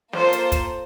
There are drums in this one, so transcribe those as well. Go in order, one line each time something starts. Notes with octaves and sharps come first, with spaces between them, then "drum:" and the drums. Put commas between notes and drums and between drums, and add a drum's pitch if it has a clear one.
A#3 F4 A4 C5, drum: snare
drum: hi-hat
drum: kick, hi-hat